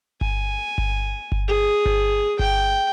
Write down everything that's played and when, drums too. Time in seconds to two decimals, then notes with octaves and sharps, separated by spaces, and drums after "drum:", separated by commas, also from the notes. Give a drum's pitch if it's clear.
0.21 G#5, drum: kick G1
0.78 drum: kick G1
1.32 drum: kick G1
1.48 G#4
1.86 drum: kick G1
2.39 G5, drum: kick G1